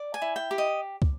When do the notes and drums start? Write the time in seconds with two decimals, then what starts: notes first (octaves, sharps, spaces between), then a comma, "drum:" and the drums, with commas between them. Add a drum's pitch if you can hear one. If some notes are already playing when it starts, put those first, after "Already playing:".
Already playing: D5
0.14 G#5
0.22 E4
0.36 G5
0.51 G4
0.58 D#5
1.02 drum: kick